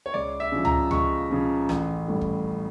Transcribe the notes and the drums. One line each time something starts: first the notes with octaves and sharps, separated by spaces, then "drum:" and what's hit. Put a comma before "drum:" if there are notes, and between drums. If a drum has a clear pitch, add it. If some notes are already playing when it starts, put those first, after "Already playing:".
C#5
C#2 D5
E5
C#3 F3
A#5, drum: tom C#2
C#2 C#6, drum: tom C#2
C#3 F3
A1, drum: rim click
A2 G3
drum: kick